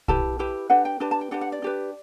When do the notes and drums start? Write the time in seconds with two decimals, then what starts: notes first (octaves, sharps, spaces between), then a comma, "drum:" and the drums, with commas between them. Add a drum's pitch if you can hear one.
0.08 E4 G4 B4 A5, drum: kick
0.39 E4 G4 B4
0.70 D4 G4 B4 F#5
0.85 G5
1.00 D4 G4 B4 A5
1.11 A5
1.21 G5
1.31 D4 G4 B4 F#5
1.41 F#5
1.52 D5
1.62 D4 G4 B4